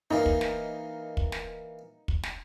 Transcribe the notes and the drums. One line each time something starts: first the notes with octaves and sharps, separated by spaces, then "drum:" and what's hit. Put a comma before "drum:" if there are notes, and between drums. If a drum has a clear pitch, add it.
E3 A#3 D#4
drum: kick
drum: snare
drum: kick
drum: snare
drum: kick
drum: snare